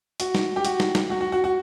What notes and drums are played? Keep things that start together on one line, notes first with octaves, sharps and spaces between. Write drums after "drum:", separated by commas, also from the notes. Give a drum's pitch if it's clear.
F#4, drum: hi-hat
drum: snare
G4
F#4, drum: hi-hat
drum: snare
drum: snare
F#4
F#4
F#4
F#4